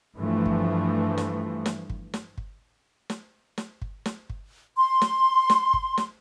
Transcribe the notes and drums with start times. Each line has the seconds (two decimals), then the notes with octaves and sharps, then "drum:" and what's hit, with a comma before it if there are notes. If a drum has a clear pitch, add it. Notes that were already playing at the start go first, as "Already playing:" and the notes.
0.18 G2 E3 F3 A3
0.46 drum: kick G1
1.18 drum: snare
1.66 drum: snare
1.90 drum: kick G1
2.14 drum: snare
2.38 drum: kick G1
3.10 drum: snare
3.58 drum: snare
3.82 drum: kick G1
4.06 drum: snare
4.30 drum: kick G1
4.78 C6
5.02 drum: snare
5.50 drum: snare
5.74 drum: kick G1
5.98 drum: snare